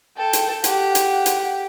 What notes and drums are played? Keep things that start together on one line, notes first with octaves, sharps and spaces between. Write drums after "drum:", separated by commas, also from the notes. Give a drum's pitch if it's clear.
A4 G5
drum: hi-hat
G4 F#5, drum: hi-hat
drum: hi-hat
F#5
drum: hi-hat